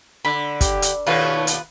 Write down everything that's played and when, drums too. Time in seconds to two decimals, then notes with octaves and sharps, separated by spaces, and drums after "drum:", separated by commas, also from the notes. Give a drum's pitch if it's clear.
0.25 D3 B5
0.61 G4, drum: kick, hi-hat
0.82 drum: hi-hat
1.07 D#2 B2 A3 F4 B4 C#5
1.47 drum: hi-hat